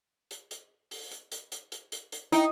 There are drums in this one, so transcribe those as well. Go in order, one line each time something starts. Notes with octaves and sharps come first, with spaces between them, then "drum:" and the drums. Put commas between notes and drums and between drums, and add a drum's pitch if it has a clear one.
drum: hi-hat
drum: hi-hat
drum: open hi-hat
drum: hi-hat
drum: hi-hat
drum: hi-hat
drum: hi-hat
drum: hi-hat
drum: hi-hat
D#4 E4 G5, drum: hi-hat